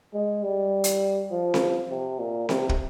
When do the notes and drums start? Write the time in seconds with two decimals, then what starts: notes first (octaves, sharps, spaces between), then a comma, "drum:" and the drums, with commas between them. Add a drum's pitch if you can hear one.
0.14 G#3
0.44 G3
0.84 drum: hi-hat
1.32 F3
1.54 drum: snare C4
1.90 C3
2.19 A#2
2.49 C3, drum: snare C4
2.69 drum: kick